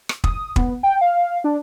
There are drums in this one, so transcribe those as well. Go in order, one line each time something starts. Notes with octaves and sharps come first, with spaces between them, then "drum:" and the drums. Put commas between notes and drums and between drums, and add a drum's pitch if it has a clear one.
drum: rim click
D#6, drum: kick
B3, drum: kick
G5
F5
D4